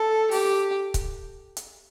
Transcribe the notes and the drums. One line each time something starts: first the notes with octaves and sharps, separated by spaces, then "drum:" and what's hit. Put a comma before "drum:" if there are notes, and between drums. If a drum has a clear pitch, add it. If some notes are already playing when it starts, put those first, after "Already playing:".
Already playing: A4
G4, drum: open hi-hat
drum: kick C#1, hi-hat
drum: hi-hat